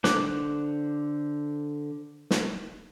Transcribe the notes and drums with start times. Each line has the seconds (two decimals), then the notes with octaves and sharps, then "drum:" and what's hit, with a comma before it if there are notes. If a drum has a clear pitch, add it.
0.04 D3 C5 D6 F#6, drum: snare
2.31 drum: snare